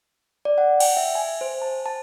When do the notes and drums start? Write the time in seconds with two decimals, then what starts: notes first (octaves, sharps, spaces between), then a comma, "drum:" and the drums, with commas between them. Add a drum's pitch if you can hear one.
0.45 D5
0.58 F#5
0.80 G5, drum: cymbal
0.97 E5
1.15 G#5
1.41 C5
1.62 A5
1.86 A5